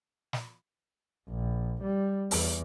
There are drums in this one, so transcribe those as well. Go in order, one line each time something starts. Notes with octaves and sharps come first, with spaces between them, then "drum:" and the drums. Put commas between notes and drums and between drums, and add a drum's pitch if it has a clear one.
drum: snare
A#1
G3
E2, drum: open hi-hat